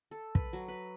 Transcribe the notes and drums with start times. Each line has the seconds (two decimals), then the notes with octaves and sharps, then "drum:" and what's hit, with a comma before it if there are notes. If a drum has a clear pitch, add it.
0.11 A4
0.35 B4, drum: kick
0.53 F#3
0.68 B4